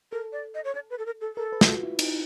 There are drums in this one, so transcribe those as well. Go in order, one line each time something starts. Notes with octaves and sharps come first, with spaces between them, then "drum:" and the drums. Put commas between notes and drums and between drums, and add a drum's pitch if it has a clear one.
A4 A#4
D5
D#5
C#5
D5
B4
A4
A#4
A4
A4 A#4
B4
F#4, drum: snare
F4
E4
D#4, drum: cymbal